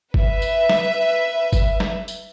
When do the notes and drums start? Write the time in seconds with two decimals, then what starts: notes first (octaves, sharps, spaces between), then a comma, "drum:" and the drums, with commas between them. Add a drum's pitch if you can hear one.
0.14 B4 E5, drum: kick G1
0.42 drum: tambourine
0.70 drum: snare
1.53 drum: kick G1, tambourine
1.80 drum: snare
2.08 drum: tambourine